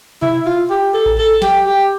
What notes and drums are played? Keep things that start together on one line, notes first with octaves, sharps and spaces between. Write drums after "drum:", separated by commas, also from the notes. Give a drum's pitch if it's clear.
E4, drum: tom B2
F4
G4
A4
drum: kick A1
A4
G4, drum: snare
G4